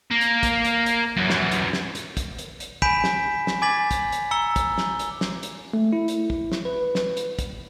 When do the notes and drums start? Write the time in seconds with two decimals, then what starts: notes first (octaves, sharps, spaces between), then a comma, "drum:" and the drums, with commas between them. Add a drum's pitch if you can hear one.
0.11 A#3
0.21 drum: hi-hat
0.43 drum: kick, hi-hat
0.65 drum: hi-hat
0.86 drum: hi-hat
1.17 F#2 E3
1.30 drum: snare
1.52 drum: hi-hat
1.73 drum: snare
1.95 drum: hi-hat
2.17 drum: kick, hi-hat
2.39 drum: hi-hat
2.60 drum: hi-hat
2.82 G#5 B5 G6 B6 D7 E7, drum: kick
3.04 drum: snare
3.47 drum: snare
3.62 G#5 D6 G#6 A6 B6 F#7
3.91 drum: kick, hi-hat
4.12 drum: hi-hat
4.31 A#5 E6 C#7 G7
4.56 drum: kick, hi-hat
4.78 drum: snare
4.99 drum: hi-hat
5.21 drum: snare
5.43 drum: hi-hat
5.74 A3
5.93 E4
6.08 drum: hi-hat
6.30 drum: kick
6.52 drum: snare
6.65 B4
6.95 drum: snare
7.17 drum: hi-hat
7.39 drum: kick, hi-hat